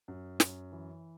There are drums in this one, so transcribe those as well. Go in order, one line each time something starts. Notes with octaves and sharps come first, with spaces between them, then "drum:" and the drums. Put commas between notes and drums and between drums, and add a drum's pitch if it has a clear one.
F#2
F#2, drum: snare
E3